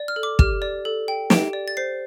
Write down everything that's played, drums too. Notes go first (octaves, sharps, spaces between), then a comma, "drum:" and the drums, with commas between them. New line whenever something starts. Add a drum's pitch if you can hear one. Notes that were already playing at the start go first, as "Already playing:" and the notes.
Already playing: D5
F6
A4
D6
G4 F6, drum: kick
D5
A4
G5
G4 D7, drum: snare
D5
A6
C5 C7